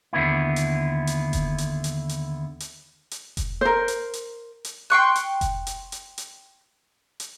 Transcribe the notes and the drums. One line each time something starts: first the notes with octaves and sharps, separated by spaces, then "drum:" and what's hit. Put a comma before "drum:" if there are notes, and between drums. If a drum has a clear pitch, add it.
D#2 D3 B3 E4
drum: hi-hat
drum: hi-hat
drum: kick F1, hi-hat
drum: hi-hat
drum: hi-hat
drum: hi-hat
drum: hi-hat
drum: hi-hat
drum: kick F1, hi-hat
A#4 C5
drum: hi-hat
drum: hi-hat
drum: hi-hat
G5 C6 C#6 F#6
drum: hi-hat
drum: kick F1, hi-hat
drum: hi-hat
drum: hi-hat
drum: hi-hat
drum: hi-hat